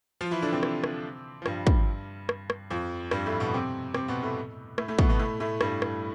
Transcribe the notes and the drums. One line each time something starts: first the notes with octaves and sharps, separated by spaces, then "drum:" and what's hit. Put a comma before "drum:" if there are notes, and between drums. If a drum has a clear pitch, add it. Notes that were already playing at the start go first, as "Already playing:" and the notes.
F3 F4
E3 E4
D3 D4
C3 C4
drum: rim click
drum: rim click
F3
G2 G3, drum: rim click
drum: kick
drum: rim click
drum: rim click
F2 F3
G2 G3, drum: rim click
A2 A3
B2 B3
C3 C4
C3 C4, drum: rim click
B2 B3
A2 A3
A2 A3, drum: rim click
A2 A3
B2 B3, drum: kick
B2 B3
A2 A3
A2 A3
G2 G3, drum: rim click
drum: rim click